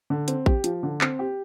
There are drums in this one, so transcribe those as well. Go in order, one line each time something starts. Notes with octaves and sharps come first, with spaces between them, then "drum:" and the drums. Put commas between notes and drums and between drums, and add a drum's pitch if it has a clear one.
D3
C4, drum: hi-hat
G4, drum: kick A1
F3, drum: hi-hat
D3
C4, drum: clap
G4